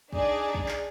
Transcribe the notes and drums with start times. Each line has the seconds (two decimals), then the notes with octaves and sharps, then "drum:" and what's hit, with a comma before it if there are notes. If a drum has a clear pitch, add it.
0.13 D4 D#4 G#4 D5, drum: kick
0.54 drum: kick
0.68 drum: clap